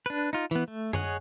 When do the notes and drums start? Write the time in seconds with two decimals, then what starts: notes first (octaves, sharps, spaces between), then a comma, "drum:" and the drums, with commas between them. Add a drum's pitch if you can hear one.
0.06 D4 B4
0.33 D#4 F4
0.51 E3 B3, drum: hi-hat
0.68 A3
0.93 G#4 C#5 D#5 F#5, drum: tom F#2